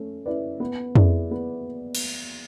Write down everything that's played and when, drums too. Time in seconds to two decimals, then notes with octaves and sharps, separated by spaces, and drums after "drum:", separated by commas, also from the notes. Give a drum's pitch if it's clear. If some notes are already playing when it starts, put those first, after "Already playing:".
Already playing: A3 C#4
0.26 C#4 E4 B4 D5
0.60 B3
0.96 E4 G#4 D5, drum: tom F2
1.31 B3
1.95 drum: cymbal